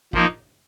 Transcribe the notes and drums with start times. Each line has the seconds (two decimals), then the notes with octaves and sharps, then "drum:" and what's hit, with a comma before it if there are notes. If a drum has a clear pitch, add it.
0.13 F3 A#3 D#4, drum: kick